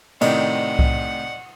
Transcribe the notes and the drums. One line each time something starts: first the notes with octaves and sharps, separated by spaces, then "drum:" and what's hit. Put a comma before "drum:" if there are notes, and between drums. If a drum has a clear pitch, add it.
A2 C3 D#3 D5 D#5 F#5, drum: cymbal
drum: kick C2